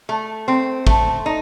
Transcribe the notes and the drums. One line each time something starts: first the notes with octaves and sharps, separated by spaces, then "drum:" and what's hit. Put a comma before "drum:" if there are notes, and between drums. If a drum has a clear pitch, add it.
A3
C4
A3, drum: kick
D#4